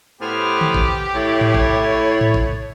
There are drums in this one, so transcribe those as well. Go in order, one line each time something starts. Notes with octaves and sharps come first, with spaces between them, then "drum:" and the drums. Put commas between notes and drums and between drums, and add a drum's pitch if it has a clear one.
A2 B3 G4 C5 G#5 F6
drum: tom D3
drum: kick
A2 E4 C#5
drum: tom G#2
drum: kick
drum: tom G#2
drum: kick